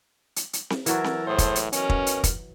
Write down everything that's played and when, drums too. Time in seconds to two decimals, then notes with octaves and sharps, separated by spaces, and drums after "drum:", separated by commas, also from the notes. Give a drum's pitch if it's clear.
0.36 drum: hi-hat
0.53 drum: hi-hat
0.70 drum: snare C4
0.86 E3 F#3 F#4 A4 A#4, drum: hi-hat
1.04 drum: snare C4
1.27 A2 G#4 A4 C5
1.38 drum: kick, hi-hat
1.55 drum: hi-hat
1.72 F#2 B2 C#4 A#4, drum: hi-hat
1.89 drum: kick
2.07 drum: hi-hat
2.24 drum: kick, hi-hat